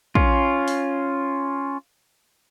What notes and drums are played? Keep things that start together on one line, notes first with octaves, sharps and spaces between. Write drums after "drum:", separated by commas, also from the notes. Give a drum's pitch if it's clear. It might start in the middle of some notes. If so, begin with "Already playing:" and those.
C#4 F4, drum: kick
drum: open hi-hat